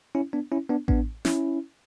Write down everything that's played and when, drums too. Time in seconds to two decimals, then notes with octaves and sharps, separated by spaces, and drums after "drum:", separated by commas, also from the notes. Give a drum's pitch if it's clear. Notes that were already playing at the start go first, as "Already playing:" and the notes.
0.15 C#4 E4
0.33 B3 D4
0.52 C#4 E4
0.69 B3 D4
0.88 B3 D4, drum: kick A1
1.25 C#4 E4, drum: snare